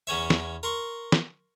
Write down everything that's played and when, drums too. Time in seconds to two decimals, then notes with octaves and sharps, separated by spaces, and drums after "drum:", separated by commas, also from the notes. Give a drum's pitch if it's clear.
0.07 E2 C#4 C#5 E5
0.30 drum: snare
0.63 A#4 C6 C#6
1.12 drum: snare